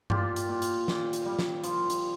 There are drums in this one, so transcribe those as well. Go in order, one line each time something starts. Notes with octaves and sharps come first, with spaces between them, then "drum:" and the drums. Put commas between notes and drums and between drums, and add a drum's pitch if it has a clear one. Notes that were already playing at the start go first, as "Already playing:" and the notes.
A#2 F4 G4, drum: tom G2
drum: hi-hat
A#2
drum: hi-hat
A#2, drum: snare
drum: hi-hat
G3
drum: snare
F3, drum: hi-hat
drum: hi-hat